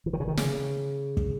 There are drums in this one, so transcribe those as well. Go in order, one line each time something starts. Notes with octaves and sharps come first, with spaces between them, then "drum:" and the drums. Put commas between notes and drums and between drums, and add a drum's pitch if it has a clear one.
E3
D#3
C#3
D#3
C#3, drum: snare
drum: kick